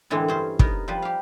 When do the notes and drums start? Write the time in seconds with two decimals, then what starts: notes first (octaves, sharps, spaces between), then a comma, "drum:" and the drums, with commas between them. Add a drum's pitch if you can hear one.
0.10 A2 D3 E3 G#3 C4 D4
0.28 G2 C#4 C5 A5 C6
0.59 B3 D#4 A#4, drum: kick
0.88 F3 G3 B4 C5
1.02 G4 F5